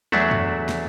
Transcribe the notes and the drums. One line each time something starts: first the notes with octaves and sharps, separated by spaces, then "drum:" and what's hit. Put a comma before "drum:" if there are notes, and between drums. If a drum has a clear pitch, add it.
E2 F#3 A3 D4 E5 F#5, drum: tom
drum: tom
drum: snare